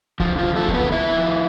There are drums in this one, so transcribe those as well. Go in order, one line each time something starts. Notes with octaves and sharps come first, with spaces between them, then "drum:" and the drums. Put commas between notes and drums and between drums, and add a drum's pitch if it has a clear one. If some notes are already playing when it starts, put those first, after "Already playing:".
D3 F3 F4, drum: kick C#2
F3 F4
F2
A3 A4
F3, drum: kick C#2
B3 B4
F3 E4 E5
F3